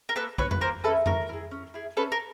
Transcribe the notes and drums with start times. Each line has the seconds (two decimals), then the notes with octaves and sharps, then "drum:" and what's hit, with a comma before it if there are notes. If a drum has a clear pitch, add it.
0.09 A#4
0.16 A#3 A4 B4
0.38 E4 B4 C#5, drum: kick
0.42 C#4
0.51 B4, drum: tom F2
0.61 A#3 A#4 C5
0.84 C#4 E4 A4 B4
1.06 C#4 A#4, drum: tom F2
1.29 E4 G#4
1.51 C#4
1.74 E4 G#4
1.97 C#4 A4 B4
2.12 A#4